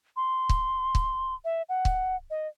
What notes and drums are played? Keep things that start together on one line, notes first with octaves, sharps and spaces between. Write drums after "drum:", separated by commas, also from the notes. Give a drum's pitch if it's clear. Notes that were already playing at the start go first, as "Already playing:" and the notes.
C6
drum: kick C#1
drum: kick C#1
E5
F#5
drum: kick C#1
D#5